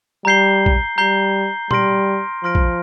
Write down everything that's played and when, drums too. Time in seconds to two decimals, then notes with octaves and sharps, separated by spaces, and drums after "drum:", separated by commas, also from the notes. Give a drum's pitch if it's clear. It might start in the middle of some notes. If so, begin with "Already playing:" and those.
0.25 G3 A#5 G6 C7 G7
0.66 drum: kick
0.98 G3 A#5 G6 C7 G7
1.71 G3 C6 F6 A#6 D7, drum: tom
2.44 F3 C6 F6 A#6 D7
2.55 drum: kick